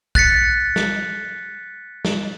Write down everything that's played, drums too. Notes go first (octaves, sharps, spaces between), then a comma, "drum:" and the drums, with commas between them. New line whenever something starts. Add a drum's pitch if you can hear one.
F#6 A6 B6 C#7, drum: kick
drum: snare
drum: snare